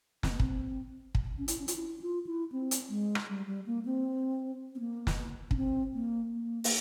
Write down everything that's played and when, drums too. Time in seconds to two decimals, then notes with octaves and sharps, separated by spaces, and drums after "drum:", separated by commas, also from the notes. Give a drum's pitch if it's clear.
0.23 C4, drum: snare
0.31 A#3
0.40 C4, drum: kick
1.15 drum: kick
1.38 C#4
1.48 E4, drum: hi-hat
1.59 C#4
1.68 F4, drum: hi-hat
1.76 E4
2.01 F4
2.27 E4
2.52 C4
2.71 drum: hi-hat
2.90 G#3
3.15 drum: rim click
3.28 G3
3.47 G3
3.66 A#3
3.85 C4
4.75 C4
4.80 A#3
5.07 drum: snare
5.51 C#4, drum: kick
5.56 C4
5.94 A#3
6.33 A#3
6.64 A#3, drum: open hi-hat